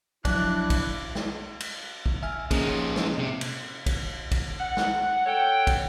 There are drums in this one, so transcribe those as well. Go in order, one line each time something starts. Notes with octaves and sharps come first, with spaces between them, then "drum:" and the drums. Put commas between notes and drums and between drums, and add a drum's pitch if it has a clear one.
F3 F#3 D4 E4 F#6, drum: kick, cymbal
drum: kick, cymbal
drum: snare
drum: cymbal
drum: kick
E5 G#5 F6
F3 A#3 C#4 D#4 G#4, drum: kick, cymbal
drum: snare
C3
drum: cymbal
drum: kick, cymbal
drum: kick, cymbal
F#5
drum: snare
A4 C#5 F#5 G5
drum: kick, cymbal